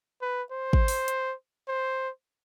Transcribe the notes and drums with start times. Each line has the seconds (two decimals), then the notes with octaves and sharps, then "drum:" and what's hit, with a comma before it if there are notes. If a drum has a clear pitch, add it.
0.21 B4
0.51 C5
0.73 drum: kick
0.88 drum: open hi-hat
1.08 drum: hi-hat
1.68 C5